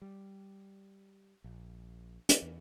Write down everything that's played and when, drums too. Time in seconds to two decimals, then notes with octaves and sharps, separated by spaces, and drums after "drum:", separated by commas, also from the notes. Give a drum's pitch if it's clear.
0.02 G3
1.44 A#1
2.29 drum: hi-hat
2.42 E2